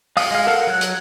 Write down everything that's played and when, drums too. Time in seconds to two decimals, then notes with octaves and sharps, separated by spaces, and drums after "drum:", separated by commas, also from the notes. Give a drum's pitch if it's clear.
0.17 F5 D#6, drum: open hi-hat
0.31 G#3 F5
0.47 A4 A#4 F5 F#5
0.67 F#3 F#6
0.81 drum: hi-hat